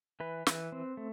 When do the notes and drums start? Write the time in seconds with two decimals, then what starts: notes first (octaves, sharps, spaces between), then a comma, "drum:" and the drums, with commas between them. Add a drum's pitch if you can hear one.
0.20 E3 B4
0.47 E3, drum: snare
0.72 C4
0.97 A3